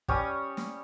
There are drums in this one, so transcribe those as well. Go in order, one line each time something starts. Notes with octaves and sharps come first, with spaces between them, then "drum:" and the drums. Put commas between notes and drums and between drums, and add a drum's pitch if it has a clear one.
G3 C#4 D#6, drum: kick
drum: snare